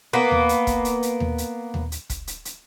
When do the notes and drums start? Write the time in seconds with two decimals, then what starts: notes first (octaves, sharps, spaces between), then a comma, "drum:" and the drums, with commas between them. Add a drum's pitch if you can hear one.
0.13 A#3 B3
0.31 drum: tom D#2
0.49 drum: hi-hat
0.67 drum: kick, hi-hat
0.85 drum: hi-hat
1.03 drum: hi-hat
1.20 drum: tom D#2
1.38 drum: hi-hat
1.74 drum: tom D#2
1.92 drum: hi-hat
2.10 drum: kick, hi-hat
2.27 drum: hi-hat
2.45 drum: hi-hat